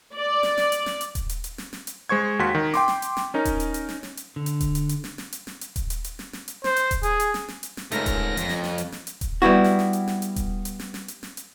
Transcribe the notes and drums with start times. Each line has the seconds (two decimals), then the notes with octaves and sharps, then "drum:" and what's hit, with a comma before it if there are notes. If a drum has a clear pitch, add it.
0.14 D5
0.43 drum: snare
0.57 drum: snare
0.72 drum: hi-hat
0.86 drum: snare
1.01 drum: hi-hat
1.15 drum: kick D#1, hi-hat
1.29 drum: hi-hat
1.44 drum: hi-hat
1.58 drum: snare
1.73 drum: snare
1.87 drum: hi-hat
2.09 G#3 C5 C#6 G#6
2.39 D#2 F#4 C6 B6
2.55 D#3
2.74 G5 C6 D6, drum: snare
2.88 drum: snare
3.02 drum: hi-hat
3.17 drum: snare
3.34 C#4 D#4 A#4
3.45 drum: kick D#1, hi-hat
3.60 drum: hi-hat
3.74 drum: hi-hat
3.89 drum: snare
4.03 drum: snare
4.17 drum: hi-hat
4.36 D3
4.46 drum: hi-hat
4.61 drum: kick D#1, hi-hat
4.75 drum: hi-hat
4.89 drum: hi-hat
5.04 drum: snare
5.18 drum: snare
5.32 drum: hi-hat
5.47 drum: snare
5.61 drum: hi-hat
5.76 drum: kick D#1, hi-hat
5.90 drum: hi-hat
6.04 drum: hi-hat
6.19 drum: snare
6.33 drum: snare
6.48 drum: hi-hat
6.64 C5, drum: snare
6.76 drum: hi-hat
6.91 drum: kick D#1, hi-hat
7.03 G#4, drum: hi-hat
7.20 drum: hi-hat
7.34 drum: snare
7.48 drum: snare
7.63 drum: hi-hat
7.77 drum: snare
7.92 C#2 G#2 A3 A#4 A#6, drum: hi-hat
8.06 drum: kick D#1, hi-hat
8.37 F2, drum: hi-hat
8.49 drum: snare
8.64 drum: snare
8.78 drum: hi-hat
8.92 drum: snare
9.07 drum: hi-hat
9.21 drum: kick D#1, hi-hat
9.42 G3 B3 E4 F#4
9.64 drum: snare
9.79 drum: snare
9.93 drum: hi-hat
10.08 drum: snare
10.22 drum: hi-hat
10.36 drum: kick D#1, hi-hat
10.65 drum: hi-hat
10.79 drum: snare
10.94 drum: snare
11.08 drum: hi-hat
11.23 drum: snare
11.37 drum: hi-hat